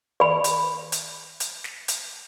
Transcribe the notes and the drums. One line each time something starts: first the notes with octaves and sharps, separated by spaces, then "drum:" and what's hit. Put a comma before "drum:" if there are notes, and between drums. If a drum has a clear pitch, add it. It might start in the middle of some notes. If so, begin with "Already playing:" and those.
D5 B5
drum: hi-hat
drum: hi-hat
drum: hi-hat
drum: snare
drum: hi-hat